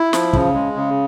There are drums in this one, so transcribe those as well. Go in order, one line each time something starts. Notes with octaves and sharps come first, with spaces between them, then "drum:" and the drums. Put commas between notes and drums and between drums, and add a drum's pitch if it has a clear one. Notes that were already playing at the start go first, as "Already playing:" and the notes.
Already playing: E4
F3, drum: snare
C#3, drum: kick
G#3
C#3